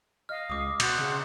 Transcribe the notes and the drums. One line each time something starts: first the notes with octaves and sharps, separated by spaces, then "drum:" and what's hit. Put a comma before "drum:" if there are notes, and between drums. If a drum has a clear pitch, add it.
D#5 F5 F6
C#2 D6 D#6
B2 F#5 C6 F#6, drum: cymbal
C#3